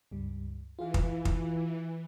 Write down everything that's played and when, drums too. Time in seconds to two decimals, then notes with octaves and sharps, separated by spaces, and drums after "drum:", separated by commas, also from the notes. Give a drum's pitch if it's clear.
0.11 C#2 G2 G3
0.79 E3 F4 G#4 F5
0.94 drum: kick
1.25 drum: kick